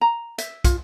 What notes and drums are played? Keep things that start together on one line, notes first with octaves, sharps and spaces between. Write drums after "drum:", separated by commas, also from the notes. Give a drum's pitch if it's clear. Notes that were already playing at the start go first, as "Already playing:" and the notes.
A#5
E5, drum: hi-hat
F4, drum: kick, hi-hat